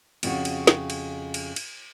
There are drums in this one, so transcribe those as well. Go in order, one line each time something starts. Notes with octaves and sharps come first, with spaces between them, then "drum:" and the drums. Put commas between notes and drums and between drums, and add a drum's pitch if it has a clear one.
F2 C#3 F#4, drum: cymbal
drum: cymbal
drum: snare
drum: cymbal
drum: cymbal
drum: cymbal